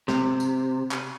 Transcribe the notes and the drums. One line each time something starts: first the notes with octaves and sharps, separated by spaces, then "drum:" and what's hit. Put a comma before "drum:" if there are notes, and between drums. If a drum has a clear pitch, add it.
C3, drum: snare
drum: tambourine
drum: clap